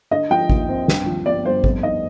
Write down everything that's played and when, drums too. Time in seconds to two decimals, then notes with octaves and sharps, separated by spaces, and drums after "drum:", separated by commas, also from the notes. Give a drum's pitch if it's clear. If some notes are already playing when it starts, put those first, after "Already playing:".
0.11 D3 D#5
0.31 F3 G5
0.49 D#2, drum: kick G#1
0.69 C4
0.88 G2, drum: snare
1.06 F3
1.25 G1 D5
1.45 G1 C5
1.64 F2, drum: kick G#1
1.83 D#3 D#5